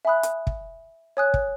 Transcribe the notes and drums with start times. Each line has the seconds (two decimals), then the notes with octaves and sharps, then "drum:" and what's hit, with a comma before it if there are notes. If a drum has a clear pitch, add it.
0.05 E5 G#5 B5 D#6 F#6
0.23 drum: hi-hat
0.47 drum: kick
1.17 C#5 G#5 D#6 F#6
1.34 drum: kick